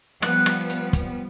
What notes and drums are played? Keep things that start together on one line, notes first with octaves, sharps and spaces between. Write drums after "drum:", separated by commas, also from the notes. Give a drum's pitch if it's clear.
F3 G3 B3 F#6, drum: rim click
drum: rim click
drum: hi-hat
drum: kick, hi-hat